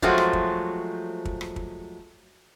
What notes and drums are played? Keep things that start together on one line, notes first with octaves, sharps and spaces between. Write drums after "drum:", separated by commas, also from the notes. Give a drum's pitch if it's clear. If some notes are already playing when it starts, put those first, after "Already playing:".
F3 F#3 G#3 A3 C4 F#4, drum: kick
drum: rim click
drum: kick
drum: kick
drum: rim click
drum: kick